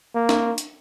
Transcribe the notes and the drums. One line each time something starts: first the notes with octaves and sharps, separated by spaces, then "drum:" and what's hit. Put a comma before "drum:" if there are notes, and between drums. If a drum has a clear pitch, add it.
A#3
drum: snare
drum: hi-hat